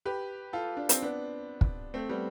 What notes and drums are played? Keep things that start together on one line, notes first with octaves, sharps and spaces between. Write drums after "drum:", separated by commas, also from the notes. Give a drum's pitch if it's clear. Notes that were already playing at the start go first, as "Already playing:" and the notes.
G4 B4
F4 A4
D4
C4, drum: hi-hat
B3 D4
drum: kick
A3 C4
G3 B3